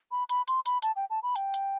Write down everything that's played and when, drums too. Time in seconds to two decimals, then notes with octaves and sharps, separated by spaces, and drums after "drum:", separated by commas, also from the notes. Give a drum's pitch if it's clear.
0.11 B5
0.29 B5, drum: hi-hat
0.48 C6, drum: hi-hat
0.66 B5, drum: hi-hat
0.82 A5, drum: hi-hat
0.96 G5
1.10 A5
1.23 B5
1.36 G5, drum: hi-hat
1.54 drum: hi-hat